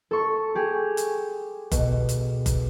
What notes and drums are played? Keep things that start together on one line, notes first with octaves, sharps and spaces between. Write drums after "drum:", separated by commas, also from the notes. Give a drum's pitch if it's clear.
A4 C#6
G4 G#4
drum: hi-hat
B2, drum: kick F#1, hi-hat
drum: hi-hat
drum: kick F#1, hi-hat